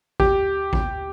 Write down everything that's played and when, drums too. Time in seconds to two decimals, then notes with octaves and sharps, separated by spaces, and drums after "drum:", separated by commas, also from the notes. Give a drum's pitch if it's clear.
0.20 G4, drum: kick A1
0.73 drum: kick A1